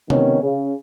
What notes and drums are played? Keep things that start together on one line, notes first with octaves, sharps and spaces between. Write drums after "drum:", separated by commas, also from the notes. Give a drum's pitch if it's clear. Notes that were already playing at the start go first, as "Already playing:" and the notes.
C3 D#3 B3 C#4, drum: tom C3
C#3